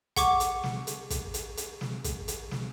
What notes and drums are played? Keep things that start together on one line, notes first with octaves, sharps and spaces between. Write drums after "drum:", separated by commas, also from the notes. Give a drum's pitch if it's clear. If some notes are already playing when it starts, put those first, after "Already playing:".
F#5 C#6 D6, drum: kick, hi-hat
drum: hi-hat
drum: snare
drum: hi-hat
drum: kick, hi-hat
drum: hi-hat
drum: hi-hat
drum: snare
drum: kick, hi-hat
drum: hi-hat
drum: snare